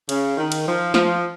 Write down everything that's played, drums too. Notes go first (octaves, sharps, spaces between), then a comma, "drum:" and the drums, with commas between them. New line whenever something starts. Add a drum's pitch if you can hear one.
C#3, drum: cymbal
D#3
drum: cymbal
F3
F3, drum: snare